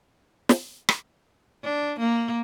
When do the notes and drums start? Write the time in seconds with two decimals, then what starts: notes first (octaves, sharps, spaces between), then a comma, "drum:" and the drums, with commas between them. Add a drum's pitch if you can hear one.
0.49 drum: snare
0.89 drum: rim click
1.64 D4
1.99 A#3